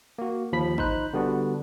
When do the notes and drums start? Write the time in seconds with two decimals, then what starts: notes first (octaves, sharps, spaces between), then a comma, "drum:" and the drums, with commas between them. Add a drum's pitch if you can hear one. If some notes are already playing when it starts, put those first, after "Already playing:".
0.18 A#3 F#4
0.52 D#2 F3 B5 B6
0.78 D#4 C5 B5 F#6, drum: kick G#1
1.13 D3 G3 B3 D4 F#4